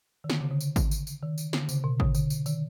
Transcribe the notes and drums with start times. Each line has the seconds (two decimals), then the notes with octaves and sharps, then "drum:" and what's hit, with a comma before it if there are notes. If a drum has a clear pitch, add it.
0.24 D#3
0.30 D3, drum: snare
0.40 C#3
0.50 D3
0.61 drum: tambourine
0.76 drum: kick G#1, tambourine
0.91 drum: tambourine
1.07 drum: tambourine
1.23 D#3
1.38 drum: tambourine
1.53 D3, drum: snare
1.69 C#3, drum: tambourine
1.84 B2
2.00 D3, drum: kick G#1
2.15 D3, drum: tambourine
2.30 drum: tambourine
2.46 D#3, drum: tambourine